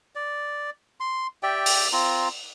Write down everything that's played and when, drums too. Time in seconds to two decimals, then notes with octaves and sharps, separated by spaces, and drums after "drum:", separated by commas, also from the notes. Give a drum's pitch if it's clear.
0.15 D5
1.00 C6
1.43 G4 D5 E5 G5
1.66 drum: open hi-hat
1.92 C4 F4 A#5